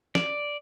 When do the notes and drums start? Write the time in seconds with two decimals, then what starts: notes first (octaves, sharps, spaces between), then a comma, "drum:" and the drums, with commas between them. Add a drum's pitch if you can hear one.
0.15 D5, drum: snare